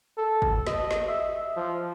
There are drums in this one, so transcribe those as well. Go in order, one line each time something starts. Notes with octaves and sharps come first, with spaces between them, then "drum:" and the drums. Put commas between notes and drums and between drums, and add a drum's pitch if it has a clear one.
A4
drum: kick
D#5, drum: snare
drum: snare
E5
F3